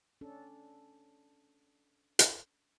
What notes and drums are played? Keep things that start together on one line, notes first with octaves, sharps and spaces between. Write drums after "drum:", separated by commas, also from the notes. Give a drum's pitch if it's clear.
C#4 D4 A4
drum: hi-hat